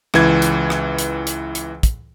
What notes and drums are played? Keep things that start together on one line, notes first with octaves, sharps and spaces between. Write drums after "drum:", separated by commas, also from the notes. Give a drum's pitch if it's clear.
C#2 E3 G#6, drum: rim click
drum: hi-hat
drum: rim click
drum: hi-hat
drum: hi-hat
drum: hi-hat
drum: kick, hi-hat